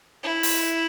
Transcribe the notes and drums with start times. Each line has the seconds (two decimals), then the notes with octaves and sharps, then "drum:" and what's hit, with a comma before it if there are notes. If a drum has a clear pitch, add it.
0.23 E4
0.43 drum: open hi-hat